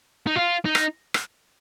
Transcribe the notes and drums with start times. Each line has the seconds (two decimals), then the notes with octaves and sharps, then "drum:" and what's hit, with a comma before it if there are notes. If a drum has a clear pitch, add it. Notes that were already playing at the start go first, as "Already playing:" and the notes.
0.26 D#4
0.36 F4
0.66 D#4
0.75 drum: rim click
1.14 drum: rim click